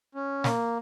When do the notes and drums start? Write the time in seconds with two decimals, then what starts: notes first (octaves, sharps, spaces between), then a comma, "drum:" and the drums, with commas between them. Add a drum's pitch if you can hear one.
0.15 C#4
0.44 A#3, drum: snare